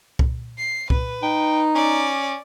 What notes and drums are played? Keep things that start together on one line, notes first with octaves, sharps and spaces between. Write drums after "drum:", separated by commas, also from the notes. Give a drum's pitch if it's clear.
drum: kick C2
C7
B4, drum: kick C2
D#4 G5
C#4 D5